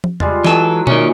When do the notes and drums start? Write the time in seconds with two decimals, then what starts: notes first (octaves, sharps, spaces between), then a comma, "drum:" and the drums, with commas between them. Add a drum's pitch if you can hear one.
0.04 drum: tom
0.20 G3 G#3 F4, drum: tom E2
0.44 E3 F#3 G#3 A4, drum: snare
0.87 F#2 A#2 D#3 C#4 C#5, drum: tom B2